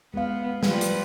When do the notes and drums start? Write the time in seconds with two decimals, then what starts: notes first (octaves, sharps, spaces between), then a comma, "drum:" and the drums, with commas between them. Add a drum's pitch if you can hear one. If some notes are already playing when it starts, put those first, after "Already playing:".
0.14 G#3 B3 F5
0.63 F3 G3 B4, drum: snare
0.81 drum: hi-hat